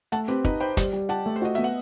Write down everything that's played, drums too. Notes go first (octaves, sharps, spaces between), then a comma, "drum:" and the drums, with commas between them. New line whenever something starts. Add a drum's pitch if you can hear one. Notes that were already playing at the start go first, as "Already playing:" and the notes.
A3 F#5 A5
C4 G4 B4
D#4 B4 D#5, drum: kick
C5 G5 B5
G3, drum: kick, hi-hat
G3
G4 F#5 A5
A3
C5
F#4 D#5
B3 E5
F#5